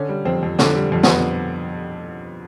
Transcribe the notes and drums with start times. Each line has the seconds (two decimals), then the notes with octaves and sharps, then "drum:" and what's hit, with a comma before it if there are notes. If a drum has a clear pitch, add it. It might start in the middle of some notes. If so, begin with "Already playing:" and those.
Already playing: D3 C#4
0.09 G3
0.25 F2 C4
0.43 F2
0.59 D3, drum: snare
0.76 G3
0.92 F2
1.03 B3, drum: snare
1.09 F2